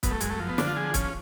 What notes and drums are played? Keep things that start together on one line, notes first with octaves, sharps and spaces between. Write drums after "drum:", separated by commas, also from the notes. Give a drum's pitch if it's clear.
F#2 B3, drum: kick, hi-hat
A3
F#2 G#3, drum: hi-hat
A3
F3
B3
D3 D4, drum: snare
F4
F3 G#4
F3 C#4, drum: kick, hi-hat